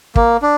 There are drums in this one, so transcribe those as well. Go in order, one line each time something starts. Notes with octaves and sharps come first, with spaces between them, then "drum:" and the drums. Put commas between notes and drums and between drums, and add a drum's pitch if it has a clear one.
A#3, drum: kick
D4